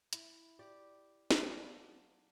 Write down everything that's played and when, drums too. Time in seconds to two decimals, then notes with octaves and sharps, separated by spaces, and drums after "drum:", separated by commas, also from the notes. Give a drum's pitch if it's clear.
0.13 E4, drum: hi-hat
0.59 G4 D5
1.31 F#3 D4 F5, drum: snare